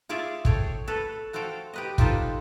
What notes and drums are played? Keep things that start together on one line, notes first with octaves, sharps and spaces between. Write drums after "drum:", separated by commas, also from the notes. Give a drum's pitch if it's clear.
F4 G#4 C#5 D5 E5
G#4 A4 C#5 G5, drum: kick
A4 B4 C#5
F#4 A4 C5 F5 G5
G4 B4 D#5
D#4 F4 G4 A4 B4 C5, drum: kick